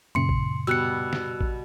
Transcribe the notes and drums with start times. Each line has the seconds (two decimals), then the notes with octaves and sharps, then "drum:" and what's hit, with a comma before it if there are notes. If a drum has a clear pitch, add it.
0.15 F#2 A#2 C#3 C6 C#7
0.29 drum: kick A1
0.67 B2 G3 E6 F#6 C#7
1.13 drum: snare
1.41 drum: kick A1